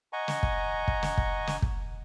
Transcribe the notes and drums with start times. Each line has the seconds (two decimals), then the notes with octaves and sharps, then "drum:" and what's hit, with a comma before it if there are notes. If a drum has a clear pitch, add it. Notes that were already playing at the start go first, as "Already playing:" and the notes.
0.13 D#5 F#5 G#5 A#5 C#6
0.28 drum: snare
0.43 drum: kick
0.88 drum: kick
1.03 drum: snare
1.18 drum: kick
1.47 drum: snare
1.62 drum: kick